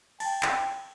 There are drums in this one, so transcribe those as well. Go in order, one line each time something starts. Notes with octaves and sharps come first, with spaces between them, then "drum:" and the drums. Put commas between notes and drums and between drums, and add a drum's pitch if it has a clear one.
G5 A5, drum: cymbal
drum: clap